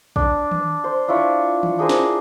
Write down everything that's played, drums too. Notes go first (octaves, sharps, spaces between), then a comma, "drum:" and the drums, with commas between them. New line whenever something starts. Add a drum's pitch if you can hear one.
D4, drum: kick
drum: tom D#3
C5
D4 E4 F4 C#5
drum: tom D#3
D4 G#4 A#4 C5
drum: snare